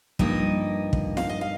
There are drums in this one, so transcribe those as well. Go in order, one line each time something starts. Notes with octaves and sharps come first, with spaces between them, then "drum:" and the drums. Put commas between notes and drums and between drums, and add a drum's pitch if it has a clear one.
G2 F3 A#3 D#4 D#5, drum: kick
drum: kick
F5, drum: snare
D#5
F5